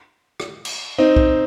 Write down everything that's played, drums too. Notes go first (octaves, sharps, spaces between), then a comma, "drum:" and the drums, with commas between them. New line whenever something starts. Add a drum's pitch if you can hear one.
drum: rim click
drum: cymbal
C4 D#4
drum: kick B1